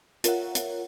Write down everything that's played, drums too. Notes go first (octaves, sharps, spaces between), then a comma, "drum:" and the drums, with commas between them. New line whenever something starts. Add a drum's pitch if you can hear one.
F4 A#4 C#5 E5 F#5, drum: hi-hat
drum: hi-hat